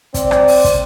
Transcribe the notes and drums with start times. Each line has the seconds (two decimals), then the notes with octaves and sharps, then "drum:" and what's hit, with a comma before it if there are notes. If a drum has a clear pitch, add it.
0.14 C4 D5, drum: kick, hi-hat
0.31 drum: rim click
0.48 drum: open hi-hat
0.64 drum: kick, hi-hat